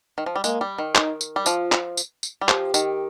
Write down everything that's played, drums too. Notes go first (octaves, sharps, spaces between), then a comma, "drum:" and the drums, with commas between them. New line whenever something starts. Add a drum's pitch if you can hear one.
D#3
F3
G3
G#3 A#3, drum: tambourine
G3
D#3
D#4, drum: clap
drum: tambourine
G3
F3 F4, drum: tambourine
drum: clap
drum: tambourine
drum: tambourine
G3
F3 G4, drum: clap
D#3, drum: tambourine